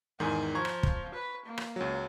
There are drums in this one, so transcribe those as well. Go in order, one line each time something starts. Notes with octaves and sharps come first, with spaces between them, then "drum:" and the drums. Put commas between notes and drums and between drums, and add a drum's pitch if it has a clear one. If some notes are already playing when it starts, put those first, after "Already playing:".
E2 G#2 D#3 G#5
F3 A#5 C#6 G#6
drum: rim click
drum: kick
B4
A#3
drum: rim click
C#2 F#3